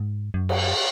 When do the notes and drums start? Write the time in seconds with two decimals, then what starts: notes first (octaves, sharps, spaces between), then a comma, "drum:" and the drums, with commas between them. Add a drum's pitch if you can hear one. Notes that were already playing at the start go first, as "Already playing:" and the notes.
Already playing: G#2
0.34 F#2
0.49 drum: cymbal